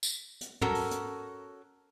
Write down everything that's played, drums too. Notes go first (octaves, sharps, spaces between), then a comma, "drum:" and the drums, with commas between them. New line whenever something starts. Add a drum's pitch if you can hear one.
drum: tambourine
drum: hi-hat
C#4 F#4 A4 A#4, drum: tom
drum: open hi-hat
drum: hi-hat